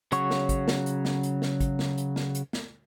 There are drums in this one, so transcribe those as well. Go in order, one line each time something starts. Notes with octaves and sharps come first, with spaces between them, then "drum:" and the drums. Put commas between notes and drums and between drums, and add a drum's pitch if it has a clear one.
C#3 F#3 C#5 F#5 C#6, drum: hi-hat
drum: snare
drum: kick, hi-hat
drum: snare
drum: hi-hat
drum: snare
drum: hi-hat
drum: snare
drum: kick, hi-hat
drum: snare
drum: hi-hat
drum: snare
drum: hi-hat
drum: snare